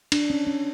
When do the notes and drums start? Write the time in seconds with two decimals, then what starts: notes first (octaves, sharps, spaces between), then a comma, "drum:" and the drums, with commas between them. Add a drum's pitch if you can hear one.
0.12 D4, drum: cymbal
0.30 C#4
0.47 C#4